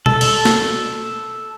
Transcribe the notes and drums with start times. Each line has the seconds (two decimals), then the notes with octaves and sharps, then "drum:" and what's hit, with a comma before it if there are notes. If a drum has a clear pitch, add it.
0.06 A4, drum: tom B2
0.21 drum: cymbal
0.45 drum: snare